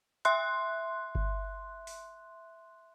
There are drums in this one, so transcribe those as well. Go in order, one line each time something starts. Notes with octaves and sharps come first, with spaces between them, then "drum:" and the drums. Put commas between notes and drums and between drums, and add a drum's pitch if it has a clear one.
E5 C6 F#6, drum: hi-hat
drum: kick G1
drum: open hi-hat